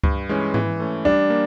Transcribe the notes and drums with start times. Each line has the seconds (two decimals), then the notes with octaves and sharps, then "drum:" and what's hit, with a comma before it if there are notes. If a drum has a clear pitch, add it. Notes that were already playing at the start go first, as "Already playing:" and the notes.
0.04 G2, drum: kick C#2
0.29 E3 G#3 C#4
0.54 E3, drum: tom G#2
0.80 A3 C#4
1.05 G3 D4
1.30 A#3